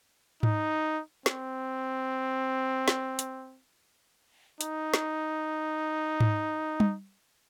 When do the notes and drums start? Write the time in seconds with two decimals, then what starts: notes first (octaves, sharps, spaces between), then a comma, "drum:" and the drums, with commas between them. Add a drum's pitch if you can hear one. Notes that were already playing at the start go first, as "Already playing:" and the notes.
0.43 D#4, drum: tom G#2
1.26 C4, drum: snare
2.88 drum: snare
3.19 drum: hi-hat
4.61 D#4, drum: hi-hat
4.94 drum: snare
6.20 drum: tom G#2
6.80 drum: tom G3